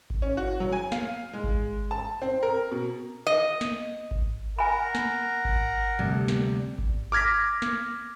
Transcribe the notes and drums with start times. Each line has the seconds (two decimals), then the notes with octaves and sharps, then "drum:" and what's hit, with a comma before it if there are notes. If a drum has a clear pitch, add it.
0.10 drum: kick G#1
0.22 C#4
0.37 F#4
0.60 F#3
0.73 G#5
0.92 F5, drum: snare
1.33 G#3
1.44 drum: kick G#1
1.91 A5
2.22 C4
2.43 A#4
2.71 B2
3.27 D#5
3.61 drum: snare
4.11 drum: kick G#1
4.59 A#4 F#5 G#5 B5
4.95 drum: snare
5.45 drum: kick G#1
5.99 D2 C3 G3
6.28 drum: snare
6.78 drum: kick G#1
7.12 D6 F6 G#6 A#6 B6
7.62 drum: snare